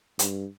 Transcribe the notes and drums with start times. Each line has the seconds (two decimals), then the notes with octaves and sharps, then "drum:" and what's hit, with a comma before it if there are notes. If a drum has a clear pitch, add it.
0.19 G2, drum: hi-hat